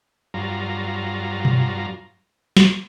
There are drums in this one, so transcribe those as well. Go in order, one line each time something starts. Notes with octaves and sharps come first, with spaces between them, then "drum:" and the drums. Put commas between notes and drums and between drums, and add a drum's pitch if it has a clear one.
G2 F#3 F4 A#5
drum: tom B2
drum: snare